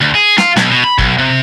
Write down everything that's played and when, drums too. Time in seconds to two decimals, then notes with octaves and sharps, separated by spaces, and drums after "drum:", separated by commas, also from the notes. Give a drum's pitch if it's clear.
0.01 D2
0.15 G#4
0.38 F4, drum: snare
0.56 B1, drum: snare
0.71 B2
0.84 B5
0.98 B1, drum: kick
1.19 C3